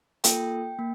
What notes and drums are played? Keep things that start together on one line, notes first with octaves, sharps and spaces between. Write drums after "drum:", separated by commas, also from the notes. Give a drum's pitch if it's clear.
A#3 F4 A4 G5, drum: hi-hat
A#3